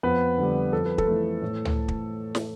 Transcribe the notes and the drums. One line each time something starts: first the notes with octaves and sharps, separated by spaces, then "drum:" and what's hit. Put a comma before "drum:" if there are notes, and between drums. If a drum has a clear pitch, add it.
F2 B3 B4
D3 G3
F2 A4
B4
A4, drum: kick
E3 A3
A2
drum: tom C#2
drum: kick
drum: snare